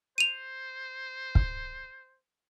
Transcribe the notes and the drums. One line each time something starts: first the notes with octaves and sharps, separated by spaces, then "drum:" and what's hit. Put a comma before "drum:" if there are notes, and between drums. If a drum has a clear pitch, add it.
C5 D#7 F7
drum: kick